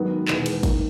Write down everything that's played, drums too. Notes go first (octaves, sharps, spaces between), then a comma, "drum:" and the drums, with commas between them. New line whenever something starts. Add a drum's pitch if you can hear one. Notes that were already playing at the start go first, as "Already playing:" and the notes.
Already playing: G#2 D#3 F#3 B3
E1 E2 D#3 G#3, drum: clap
drum: cymbal
D#3 A#3 D#4, drum: kick, cymbal